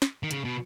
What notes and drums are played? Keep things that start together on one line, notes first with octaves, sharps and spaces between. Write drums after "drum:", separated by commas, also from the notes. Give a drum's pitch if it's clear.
drum: snare
D#3
C#3, drum: hi-hat
B2